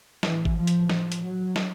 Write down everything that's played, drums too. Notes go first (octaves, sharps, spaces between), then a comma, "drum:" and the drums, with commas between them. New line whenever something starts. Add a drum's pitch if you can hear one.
A2 E3, drum: snare
drum: kick
F3
drum: hi-hat
F3, drum: snare
drum: hi-hat
F#3
drum: snare